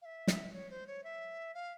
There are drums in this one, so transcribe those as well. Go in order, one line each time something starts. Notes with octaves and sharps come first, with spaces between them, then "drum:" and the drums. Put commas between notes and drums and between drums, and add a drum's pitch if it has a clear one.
F5
E5
drum: snare
C#5
C5
C#5
E5
F5